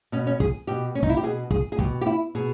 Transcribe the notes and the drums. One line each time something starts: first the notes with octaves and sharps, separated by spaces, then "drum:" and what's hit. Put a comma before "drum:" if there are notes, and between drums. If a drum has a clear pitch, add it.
B2 C#4
C#4
G#4, drum: kick
B2 G4
C#4
D#4, drum: kick
E4
G4
B2 G#4
G#4, drum: kick
G#4
B2 G4, drum: kick
G4
E4
B2 G#4